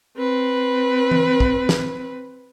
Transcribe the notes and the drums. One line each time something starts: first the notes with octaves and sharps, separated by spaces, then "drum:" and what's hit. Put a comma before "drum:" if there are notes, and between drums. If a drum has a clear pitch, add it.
C4 B4
drum: tom E3
drum: kick
drum: snare